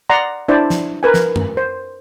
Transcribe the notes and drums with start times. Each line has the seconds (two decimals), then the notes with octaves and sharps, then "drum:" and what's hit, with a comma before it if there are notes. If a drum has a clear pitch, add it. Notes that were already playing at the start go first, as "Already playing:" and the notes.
0.10 D5 F#5 A#5 C6
0.48 D4 E4 C5 D5 E5
0.70 drum: snare
1.03 A#4 B4 G#5
1.14 drum: snare
1.36 drum: tom F#2
1.57 C5